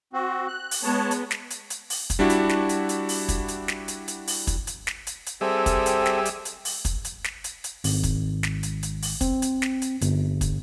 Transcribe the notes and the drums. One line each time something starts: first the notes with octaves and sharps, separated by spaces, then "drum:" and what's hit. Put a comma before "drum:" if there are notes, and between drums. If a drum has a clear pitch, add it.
C4 F#4
F#6
drum: open hi-hat
G#3 B3 C#5 A5
drum: hi-hat
drum: snare
drum: hi-hat
drum: hi-hat
drum: open hi-hat
drum: kick, hi-hat
G3 D4 E4 F#4
drum: hi-hat
drum: snare
drum: hi-hat
drum: hi-hat
drum: open hi-hat
drum: kick, hi-hat
drum: hi-hat
drum: snare
drum: hi-hat
drum: hi-hat
drum: open hi-hat
drum: kick, hi-hat
drum: hi-hat
drum: snare
drum: hi-hat
drum: hi-hat
G3 C4 G#4 A4 E5
drum: kick, hi-hat
drum: hi-hat
drum: snare
drum: hi-hat
drum: hi-hat
drum: open hi-hat
drum: kick, hi-hat
drum: hi-hat
drum: snare
drum: hi-hat
drum: hi-hat
G#1, drum: open hi-hat
drum: kick, hi-hat
drum: snare
drum: hi-hat
drum: hi-hat
drum: open hi-hat
C4, drum: kick, hi-hat
drum: hi-hat
drum: snare
drum: hi-hat
G1, drum: hi-hat
drum: kick, hi-hat